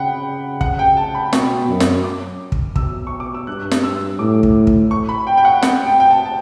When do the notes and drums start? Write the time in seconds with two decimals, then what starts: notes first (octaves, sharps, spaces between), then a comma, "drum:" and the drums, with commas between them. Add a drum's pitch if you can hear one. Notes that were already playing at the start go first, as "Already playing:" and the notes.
Already playing: C#3 F#5 G5 B5
0.61 F#5, drum: kick
0.79 G5
0.97 A5
1.15 B5
1.33 B2 C#6, drum: snare
1.69 F#2
1.80 drum: snare
2.04 D6
2.52 drum: kick
2.76 B2 E6, drum: kick
3.07 C#6
3.20 D6
3.34 E6
3.47 G2 F#6
3.71 drum: snare
3.83 E6
4.19 A2 D6
4.43 drum: kick
4.67 drum: kick
4.91 C#6
5.09 B5
5.27 G5
5.37 G5
5.45 F#5
5.63 F#5, drum: snare
5.86 G5
6.00 G5
6.10 A5
6.25 A5